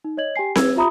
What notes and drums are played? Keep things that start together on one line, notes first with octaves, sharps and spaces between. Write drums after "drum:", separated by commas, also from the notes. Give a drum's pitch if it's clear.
D#4
C#5 D#5 G#6 F#7
G4 G5 G#5 C7
B4 E6 G#6, drum: snare C4
F4 G4 E5 A#5 B5 D#6